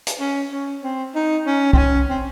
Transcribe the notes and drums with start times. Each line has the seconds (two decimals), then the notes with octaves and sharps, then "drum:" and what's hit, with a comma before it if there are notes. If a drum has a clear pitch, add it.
0.07 drum: hi-hat
0.20 C#4
0.52 C#4
0.83 C4
1.15 D#4
1.47 C#4
1.73 C4, drum: kick
1.78 C#4
2.10 C4